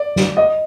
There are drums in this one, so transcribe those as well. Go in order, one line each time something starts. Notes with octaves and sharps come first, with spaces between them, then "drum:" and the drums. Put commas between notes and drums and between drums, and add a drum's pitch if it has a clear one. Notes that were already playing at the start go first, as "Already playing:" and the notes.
Already playing: D5
drum: snare
D#5